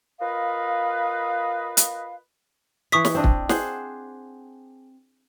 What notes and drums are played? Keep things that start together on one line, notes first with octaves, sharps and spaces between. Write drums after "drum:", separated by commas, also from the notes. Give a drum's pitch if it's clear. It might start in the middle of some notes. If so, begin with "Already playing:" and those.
F4 A#4 B4 D#5 F5
drum: hi-hat
E3 E5 C#6 D#6 B6
drum: snare
C4 D4 D#5
drum: kick
G#4 C5 F#5, drum: snare